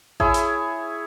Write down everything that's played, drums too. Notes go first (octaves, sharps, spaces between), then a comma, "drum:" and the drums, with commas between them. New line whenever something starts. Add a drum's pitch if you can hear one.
E4 G#4 C#5, drum: kick A1
drum: hi-hat